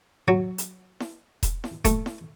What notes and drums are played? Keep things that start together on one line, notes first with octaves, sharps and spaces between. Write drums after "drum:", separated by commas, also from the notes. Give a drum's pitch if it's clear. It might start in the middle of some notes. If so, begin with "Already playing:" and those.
F#3
drum: hi-hat
drum: snare E4
drum: kick E1, hi-hat
drum: snare E4
A3, drum: kick E1, hi-hat
drum: snare E4